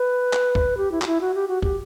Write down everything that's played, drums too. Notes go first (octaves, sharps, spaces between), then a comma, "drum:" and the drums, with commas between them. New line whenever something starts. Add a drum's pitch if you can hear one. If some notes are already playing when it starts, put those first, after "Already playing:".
Already playing: B4
drum: clap
drum: kick
G4
E4
F#4, drum: clap
E4
F#4
G4
F#4
G4, drum: kick